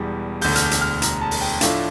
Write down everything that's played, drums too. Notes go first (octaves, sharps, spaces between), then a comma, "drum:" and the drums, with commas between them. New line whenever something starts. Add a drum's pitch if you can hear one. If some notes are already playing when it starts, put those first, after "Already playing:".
Already playing: E1 E2 E3 G3
E1 D2 D3 G6, drum: open hi-hat
F6, drum: hi-hat
G6
drum: hi-hat
F6
A#5, drum: hi-hat
A5
drum: open hi-hat
G5
A2 F3 A3 D4 F5, drum: hi-hat